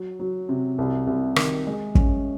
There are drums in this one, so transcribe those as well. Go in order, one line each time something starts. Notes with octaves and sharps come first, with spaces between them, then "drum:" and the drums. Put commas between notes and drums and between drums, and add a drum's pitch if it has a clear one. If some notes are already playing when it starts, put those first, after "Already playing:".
Already playing: F#3
F#3
C3
C2
C2
D#3, drum: rim click
G#3
C#4, drum: kick